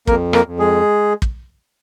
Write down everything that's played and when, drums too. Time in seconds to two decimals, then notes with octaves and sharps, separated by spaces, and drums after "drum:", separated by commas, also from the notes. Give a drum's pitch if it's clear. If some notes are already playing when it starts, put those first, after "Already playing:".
0.07 F2 A#3 A#4, drum: kick
0.33 A#3 A#4, drum: rim click
0.46 F2
0.59 G#3 G#4
1.22 drum: kick